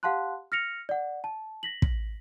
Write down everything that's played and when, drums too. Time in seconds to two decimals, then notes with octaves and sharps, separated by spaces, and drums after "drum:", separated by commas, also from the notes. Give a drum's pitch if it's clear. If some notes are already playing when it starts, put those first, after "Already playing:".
0.03 G4 F5 F#5 A5 C6 F#6
0.52 F6 A#6 C#7 F7
0.89 D5 F#5
1.24 A5
1.63 A#6 B6 F#7
1.82 drum: kick